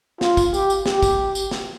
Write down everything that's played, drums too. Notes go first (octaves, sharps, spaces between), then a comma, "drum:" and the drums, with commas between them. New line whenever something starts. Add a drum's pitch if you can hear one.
F4, drum: snare
drum: kick, tambourine
G4, drum: tambourine
drum: tambourine
G4, drum: snare
drum: kick, tambourine
drum: tambourine
drum: snare